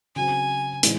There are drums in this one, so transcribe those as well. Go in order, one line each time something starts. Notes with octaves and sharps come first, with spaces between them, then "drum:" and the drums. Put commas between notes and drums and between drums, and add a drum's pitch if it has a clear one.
C#3 F#3 C4 G#5
A2 E3 G#3 D#4, drum: hi-hat